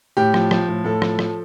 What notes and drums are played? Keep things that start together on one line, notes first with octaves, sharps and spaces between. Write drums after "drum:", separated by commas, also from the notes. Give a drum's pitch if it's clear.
A2 G4
F3, drum: rim click
F3, drum: rim click
A2
A2 A4
F3, drum: rim click
F3, drum: rim click